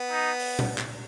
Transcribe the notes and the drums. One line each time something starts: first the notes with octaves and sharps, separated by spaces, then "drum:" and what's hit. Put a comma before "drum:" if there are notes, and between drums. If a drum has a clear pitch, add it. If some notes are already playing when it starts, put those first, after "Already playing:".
Already playing: B3
D#4
drum: open hi-hat
drum: tom A#2
drum: clap